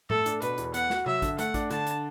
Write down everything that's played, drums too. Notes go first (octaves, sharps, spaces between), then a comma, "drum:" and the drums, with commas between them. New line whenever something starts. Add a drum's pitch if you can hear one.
A3 A4, drum: tom A2
D4, drum: hi-hat
B2 B4, drum: hi-hat
E2, drum: hi-hat
B3 F#5, drum: hi-hat
F#4, drum: snare
F#3 E5, drum: tom C3
D3, drum: kick A1, hi-hat
A3 F#5, drum: hi-hat
D4, drum: kick A1, hi-hat
D3 A5, drum: hi-hat
drum: hi-hat